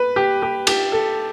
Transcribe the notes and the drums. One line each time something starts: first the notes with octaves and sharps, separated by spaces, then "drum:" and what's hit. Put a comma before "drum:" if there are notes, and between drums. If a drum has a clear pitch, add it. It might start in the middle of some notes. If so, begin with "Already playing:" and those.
Already playing: B4
G4
G4
G4, drum: cymbal
A4